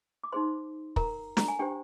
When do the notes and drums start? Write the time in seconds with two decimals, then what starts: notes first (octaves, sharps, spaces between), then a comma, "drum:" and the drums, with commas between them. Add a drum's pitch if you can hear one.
0.24 D6
0.32 D#4 G#4 C5 C6
0.96 A#4 A#5, drum: kick
1.37 A#5, drum: snare
1.48 G#5
1.59 D4 G4 C5 G5